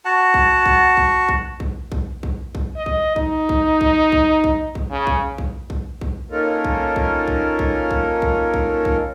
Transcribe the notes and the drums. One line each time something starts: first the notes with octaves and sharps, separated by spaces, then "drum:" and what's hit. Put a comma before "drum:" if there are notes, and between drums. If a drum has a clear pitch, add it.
F#4 F#5 A5
drum: kick B1
drum: kick B1
drum: kick B1
drum: kick B1
drum: kick B1
drum: kick B1
drum: kick B1
drum: kick B1
D#5
drum: kick B1
D#4, drum: kick B1
drum: kick B1
drum: kick B1
drum: kick B1
drum: kick B1
drum: kick B1
C#3
drum: kick B1
drum: kick B1
drum: kick B1
drum: kick B1
A#3 C#4 D#4 F4 A4 A#4
drum: kick B1
drum: kick B1
drum: kick B1
drum: kick B1
drum: kick B1
drum: kick B1
drum: kick B1
drum: kick B1